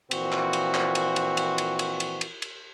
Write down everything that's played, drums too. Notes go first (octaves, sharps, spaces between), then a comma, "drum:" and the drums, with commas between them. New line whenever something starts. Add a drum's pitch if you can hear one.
A#2 E3 F3 C4 F#4, drum: cymbal
drum: clap
drum: cymbal
drum: clap
drum: cymbal
drum: cymbal
drum: cymbal
drum: cymbal
drum: cymbal
drum: cymbal
drum: cymbal
drum: cymbal